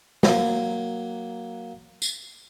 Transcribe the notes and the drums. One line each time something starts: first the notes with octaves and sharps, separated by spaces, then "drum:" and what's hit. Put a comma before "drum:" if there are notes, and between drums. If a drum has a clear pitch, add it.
F#3 A#3, drum: snare
drum: tambourine